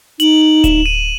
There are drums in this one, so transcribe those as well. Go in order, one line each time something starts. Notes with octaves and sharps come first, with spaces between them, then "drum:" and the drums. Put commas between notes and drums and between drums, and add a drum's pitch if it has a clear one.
D#4 F#7, drum: hi-hat
F#7
E7, drum: kick D1, hi-hat
D#7